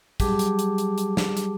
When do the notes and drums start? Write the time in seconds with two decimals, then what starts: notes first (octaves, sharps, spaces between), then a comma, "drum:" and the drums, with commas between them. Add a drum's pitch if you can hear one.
0.20 F#3 G3 G4 G#4 A5 D6, drum: kick, hi-hat
0.39 drum: hi-hat
0.59 drum: hi-hat
0.78 drum: hi-hat
0.98 drum: hi-hat
1.17 drum: snare
1.37 drum: hi-hat